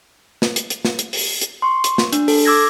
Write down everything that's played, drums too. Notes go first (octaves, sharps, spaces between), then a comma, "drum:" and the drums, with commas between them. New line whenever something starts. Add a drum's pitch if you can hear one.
drum: snare
drum: hi-hat
drum: hi-hat
drum: snare
drum: hi-hat
drum: open hi-hat
drum: hi-hat
C6 C#6
drum: hi-hat
drum: snare
D4, drum: hi-hat
A4, drum: open hi-hat
D6 E6 G#6 A#6